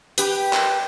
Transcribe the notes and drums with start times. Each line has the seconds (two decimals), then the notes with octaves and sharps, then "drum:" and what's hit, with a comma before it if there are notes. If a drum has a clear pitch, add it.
0.18 G4 B4, drum: hi-hat
0.53 drum: clap